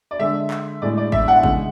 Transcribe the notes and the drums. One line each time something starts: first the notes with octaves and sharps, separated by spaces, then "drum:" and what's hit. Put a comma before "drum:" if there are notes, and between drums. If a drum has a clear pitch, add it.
D5
D3 G#3 E5
drum: clap
A2 G#3 D5
D5
E5, drum: kick G#1
F#5
C#3 G#3, drum: kick G#1